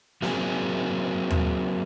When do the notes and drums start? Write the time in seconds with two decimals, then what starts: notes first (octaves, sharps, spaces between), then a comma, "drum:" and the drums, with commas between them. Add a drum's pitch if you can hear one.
0.22 F#3 A#3 C4 D4 G#4, drum: snare
1.31 drum: tom D#2